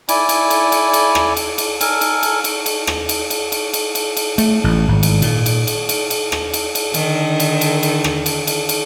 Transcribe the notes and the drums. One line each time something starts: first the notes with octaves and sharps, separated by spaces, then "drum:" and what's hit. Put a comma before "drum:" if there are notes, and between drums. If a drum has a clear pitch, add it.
E4 D5 G#5, drum: cymbal
drum: cymbal
drum: cymbal
drum: cymbal
drum: cymbal
drum: rim click
drum: cymbal
drum: cymbal
A4 A#4 G#5, drum: cymbal
drum: cymbal
drum: cymbal
drum: cymbal
drum: cymbal
drum: rim click
drum: cymbal
drum: cymbal
drum: cymbal
drum: cymbal
drum: cymbal
drum: cymbal
A3, drum: cymbal
A1
G#1
drum: cymbal
A#2, drum: cymbal
drum: cymbal
drum: cymbal
drum: cymbal
drum: cymbal
drum: rim click
drum: cymbal
drum: cymbal
D3 D#3, drum: cymbal
drum: cymbal
drum: cymbal
drum: cymbal
drum: rim click
drum: cymbal
drum: cymbal
drum: cymbal